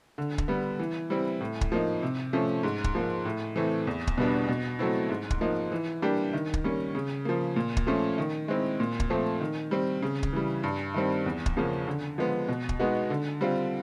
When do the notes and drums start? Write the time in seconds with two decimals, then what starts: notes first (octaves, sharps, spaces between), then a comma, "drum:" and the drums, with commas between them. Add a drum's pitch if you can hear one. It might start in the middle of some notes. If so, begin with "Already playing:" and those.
0.18 D3
0.38 drum: kick
0.48 G3 B3
0.79 E3
1.10 G3 C4 E4
1.41 A2
1.61 drum: kick
1.72 F3 A#3 D#4
2.02 C3
2.33 F3 A3 C#4
2.63 G#2
2.84 drum: kick
2.95 F3 A#3
3.25 A2
3.56 E3 A3 C4
3.87 E2
4.07 drum: kick
4.18 B2 G3 B3 D4
4.48 B2
4.79 F#3 A3 C4 E4
5.10 G#2
5.30 drum: kick
5.41 F3 A#3 D#4
5.72 E3
6.02 G3 A#3 D4 G4
6.33 D#3
6.54 drum: kick
6.64 G3 A#3 C#4
6.95 C#3
7.25 F3 A#3
7.56 A#2
7.77 drum: kick
7.87 F3 A3 C#4
8.18 D#3
8.48 G#3 C4 E4
8.80 A#2
9.00 drum: kick
9.10 F3 A3 C4
9.41 D#3
9.71 G3 C4
10.02 C#3
10.23 drum: kick
10.33 E3 G3
10.63 G2
10.94 D#3 G3 C4
11.26 E2
11.46 drum: kick
11.57 C#3 F3 A#3 C#4
11.87 D3
12.18 F3 G#3 B3
12.48 B2
12.69 drum: kick
12.79 G#3 B3 D#4 F#4
13.10 D3
13.41 G3 C4 F4